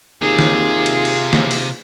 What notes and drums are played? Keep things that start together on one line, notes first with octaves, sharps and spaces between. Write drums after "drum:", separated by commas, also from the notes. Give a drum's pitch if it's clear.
D#2 C3 F4 G#4
drum: snare
drum: cymbal
drum: cymbal
drum: snare
drum: open hi-hat